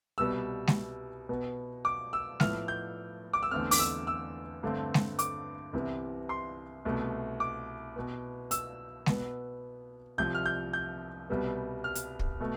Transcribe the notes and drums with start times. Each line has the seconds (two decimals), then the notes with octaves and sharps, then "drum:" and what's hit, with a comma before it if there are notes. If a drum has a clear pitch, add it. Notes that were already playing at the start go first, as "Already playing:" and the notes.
0.18 C2 B2 G3 B3 E6
0.67 drum: snare G#3
1.29 B2 B3
1.85 D6
2.13 E6
2.40 A2 F3 B3 F6, drum: snare G#3
2.68 G6
3.33 D6
3.43 E6
3.51 E2 D3 A3 C4 F6
3.71 D6, drum: open hi-hat
3.79 E6
4.07 E6
4.63 G2 D3 A3 C4
4.94 drum: snare G#3
5.19 D6, drum: hi-hat
5.73 C2 C3 E3 B3
6.29 C6
6.85 C2 B2 A3
7.40 D6
7.96 B2 B3
8.51 E6, drum: hi-hat
9.06 B2 B3, drum: snare G#3
10.18 C2 C3 F3 G6
10.35 F6
10.46 G6
10.73 G6
11.29 C2 B2 G3 B3
11.84 F6
11.95 drum: hi-hat
12.19 drum: kick
12.40 B2 A3